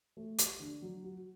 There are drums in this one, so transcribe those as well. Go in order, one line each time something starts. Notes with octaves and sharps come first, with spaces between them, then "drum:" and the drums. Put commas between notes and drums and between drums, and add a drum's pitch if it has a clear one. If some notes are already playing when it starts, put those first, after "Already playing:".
A3
G4, drum: hi-hat
D3
F#3
F#4